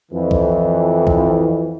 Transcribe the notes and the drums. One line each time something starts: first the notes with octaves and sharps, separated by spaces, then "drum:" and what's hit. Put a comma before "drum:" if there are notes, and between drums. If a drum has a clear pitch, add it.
F2 E3
drum: kick
drum: kick